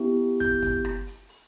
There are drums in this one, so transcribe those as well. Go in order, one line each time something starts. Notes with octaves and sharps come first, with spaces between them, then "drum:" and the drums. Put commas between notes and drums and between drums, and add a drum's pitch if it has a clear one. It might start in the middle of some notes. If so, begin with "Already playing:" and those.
Already playing: B3 E4 G4
G6, drum: kick, hi-hat
drum: kick, hi-hat
drum: rim click
drum: hi-hat
drum: open hi-hat